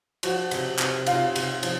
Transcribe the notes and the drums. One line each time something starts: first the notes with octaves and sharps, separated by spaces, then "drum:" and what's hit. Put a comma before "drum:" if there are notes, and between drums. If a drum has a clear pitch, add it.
F3 F#4 F#5, drum: cymbal
C3, drum: cymbal
C3, drum: clap
C3 F4 F5, drum: cymbal
C3, drum: cymbal
F3, drum: cymbal